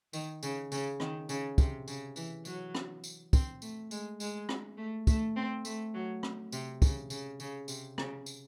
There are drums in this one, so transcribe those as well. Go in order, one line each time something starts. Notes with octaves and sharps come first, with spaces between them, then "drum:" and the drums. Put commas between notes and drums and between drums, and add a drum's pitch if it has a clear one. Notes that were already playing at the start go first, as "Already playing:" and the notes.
D#3, drum: tambourine
C#3, drum: tambourine
C#3, drum: tambourine
D#3, drum: rim click
C#3, drum: tambourine
C3, drum: kick, tambourine
C#3, drum: tambourine
E3, drum: tambourine
F#3, drum: tambourine
drum: rim click
drum: tambourine
C4, drum: kick, tambourine
A3, drum: tambourine
G#3, drum: tambourine
G#3, drum: tambourine
drum: rim click
A3
A3, drum: kick, tambourine
C4
A3, drum: tambourine
F#3
drum: rim click
C3, drum: tambourine
C#3, drum: kick, tambourine
C#3, drum: tambourine
C#3, drum: tambourine
C3, drum: tambourine
C#3, drum: rim click
drum: tambourine